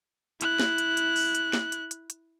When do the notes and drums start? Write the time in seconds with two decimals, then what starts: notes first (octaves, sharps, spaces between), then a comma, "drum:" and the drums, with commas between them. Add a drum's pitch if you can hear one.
0.41 E4 F#6, drum: hi-hat
0.60 drum: snare
0.78 drum: hi-hat
0.97 drum: hi-hat
1.16 drum: open hi-hat
1.35 drum: hi-hat
1.53 drum: snare
1.72 drum: hi-hat
1.91 drum: hi-hat
2.10 drum: hi-hat